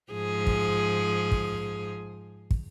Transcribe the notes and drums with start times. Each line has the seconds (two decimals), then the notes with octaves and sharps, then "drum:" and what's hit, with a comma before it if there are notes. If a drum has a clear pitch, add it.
0.13 G#2 F3 G#4
0.47 drum: kick
1.32 drum: kick
2.51 drum: kick